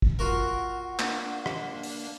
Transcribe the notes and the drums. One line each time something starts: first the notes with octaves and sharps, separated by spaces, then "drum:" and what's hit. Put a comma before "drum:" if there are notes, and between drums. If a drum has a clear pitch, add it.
drum: kick
F4 F#4 A#4 F#5
A#3 D4, drum: clap
drum: rim click
drum: open hi-hat